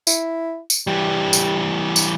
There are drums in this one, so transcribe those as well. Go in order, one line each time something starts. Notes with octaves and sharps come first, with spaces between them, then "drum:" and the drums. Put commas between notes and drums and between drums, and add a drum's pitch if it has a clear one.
E4, drum: tambourine
drum: tambourine
E3 G3 G4
drum: tambourine
drum: tambourine